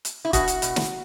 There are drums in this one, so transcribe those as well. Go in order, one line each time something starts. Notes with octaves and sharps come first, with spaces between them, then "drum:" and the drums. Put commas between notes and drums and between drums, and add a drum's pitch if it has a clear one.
drum: hi-hat
E4
B2 F#4, drum: kick, hi-hat
drum: hi-hat
B2, drum: hi-hat
drum: snare